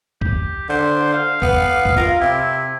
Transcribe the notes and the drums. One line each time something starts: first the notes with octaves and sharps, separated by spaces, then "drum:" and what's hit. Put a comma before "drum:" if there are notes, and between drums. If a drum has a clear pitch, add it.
G4, drum: kick
D3 C5
F5
B3, drum: kick
drum: kick
F4 A#4
C3 E4